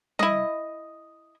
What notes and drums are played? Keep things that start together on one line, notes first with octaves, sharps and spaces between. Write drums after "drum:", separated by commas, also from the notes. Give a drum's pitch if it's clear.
E4 D#5, drum: tom G3